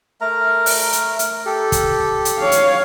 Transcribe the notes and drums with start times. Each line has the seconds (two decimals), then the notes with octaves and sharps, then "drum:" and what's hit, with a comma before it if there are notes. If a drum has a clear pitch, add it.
0.21 A3 A#4 A#5
0.66 drum: open hi-hat
0.93 drum: hi-hat
1.19 drum: hi-hat
1.46 G4 A4
1.72 drum: kick, hi-hat
2.25 drum: hi-hat
2.39 C#5 F5
2.52 drum: hi-hat